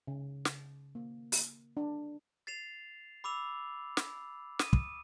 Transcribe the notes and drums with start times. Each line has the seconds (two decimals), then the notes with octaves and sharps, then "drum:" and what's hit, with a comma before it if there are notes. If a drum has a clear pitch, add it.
0.07 C#3
0.45 drum: snare
0.95 A#3
1.32 drum: open hi-hat
1.77 D4
2.47 A6 C7 E7 F7
3.24 B5 D6 E6 F7
3.97 drum: snare
4.59 D#6 D#7 E7, drum: snare
4.73 drum: kick